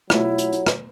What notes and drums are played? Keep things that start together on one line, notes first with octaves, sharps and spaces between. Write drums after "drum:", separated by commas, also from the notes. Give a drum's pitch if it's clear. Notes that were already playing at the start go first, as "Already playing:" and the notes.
B2 F#3 A3 E4 F4, drum: rim click
drum: hi-hat
drum: hi-hat
drum: rim click